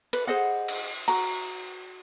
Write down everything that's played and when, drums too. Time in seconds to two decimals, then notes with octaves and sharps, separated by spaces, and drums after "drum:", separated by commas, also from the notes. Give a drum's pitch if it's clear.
0.13 B4, drum: cymbal
0.27 G#4 C5 D#5 F#5
0.68 drum: cymbal
1.08 F#4 A#5, drum: cymbal